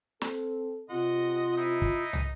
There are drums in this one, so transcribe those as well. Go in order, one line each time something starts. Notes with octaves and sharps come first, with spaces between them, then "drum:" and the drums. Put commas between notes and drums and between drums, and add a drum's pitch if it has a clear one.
C4 A4, drum: snare
C3 F4 D#5 F#5 C6
D#4 E4 D#5
drum: kick
drum: tom